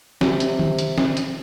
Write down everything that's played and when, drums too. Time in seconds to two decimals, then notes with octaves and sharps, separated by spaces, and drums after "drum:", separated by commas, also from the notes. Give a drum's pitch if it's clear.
0.21 C3, drum: snare
0.40 drum: hi-hat
0.59 drum: tom D#3
0.79 drum: hi-hat
0.98 drum: snare
1.17 drum: hi-hat